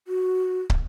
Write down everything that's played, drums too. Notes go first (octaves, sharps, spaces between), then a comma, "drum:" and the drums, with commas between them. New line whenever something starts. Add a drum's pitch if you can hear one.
F#4
drum: kick